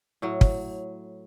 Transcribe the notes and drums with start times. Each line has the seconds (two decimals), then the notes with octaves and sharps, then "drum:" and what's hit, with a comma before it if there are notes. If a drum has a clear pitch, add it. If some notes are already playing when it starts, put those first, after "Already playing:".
0.22 A2 F#3
0.41 drum: kick